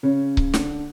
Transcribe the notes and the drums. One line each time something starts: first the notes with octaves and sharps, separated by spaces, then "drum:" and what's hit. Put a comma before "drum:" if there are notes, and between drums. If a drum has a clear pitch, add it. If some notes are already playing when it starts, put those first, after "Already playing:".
C#3 C#4
drum: kick C#1
D3 D4, drum: snare